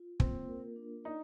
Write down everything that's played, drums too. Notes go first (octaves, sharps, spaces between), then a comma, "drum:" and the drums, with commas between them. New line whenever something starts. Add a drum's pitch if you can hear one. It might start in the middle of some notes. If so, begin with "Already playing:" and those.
Already playing: F4
A#3 C4, drum: kick
A#4
D4
D#4 D5